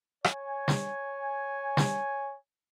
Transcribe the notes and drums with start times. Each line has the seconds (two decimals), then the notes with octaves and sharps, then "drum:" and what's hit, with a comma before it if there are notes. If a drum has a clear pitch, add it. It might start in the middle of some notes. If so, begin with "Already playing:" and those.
0.24 C#5 G#5, drum: rim click
0.68 drum: snare
1.77 drum: snare